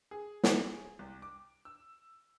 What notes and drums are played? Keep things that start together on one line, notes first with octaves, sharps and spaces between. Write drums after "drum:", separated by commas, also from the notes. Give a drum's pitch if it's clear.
G#4
drum: snare
C2
D6
E6